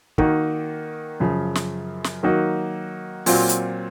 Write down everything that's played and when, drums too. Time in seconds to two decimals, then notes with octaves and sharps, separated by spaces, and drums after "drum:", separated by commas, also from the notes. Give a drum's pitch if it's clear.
0.18 D#3 A#3 D#4 F#4, drum: kick
1.20 F#2 C#3 F3
1.55 drum: snare
2.04 drum: snare
2.23 D#3 F#3 A#3 D#4 F#4
3.26 A#2 F#3 C4 F4, drum: open hi-hat
3.49 drum: hi-hat